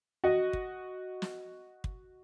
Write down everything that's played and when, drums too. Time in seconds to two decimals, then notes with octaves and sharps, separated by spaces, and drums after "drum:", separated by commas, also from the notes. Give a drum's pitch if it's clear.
0.24 F#4 D#5
0.53 drum: kick
1.22 drum: snare
1.84 drum: kick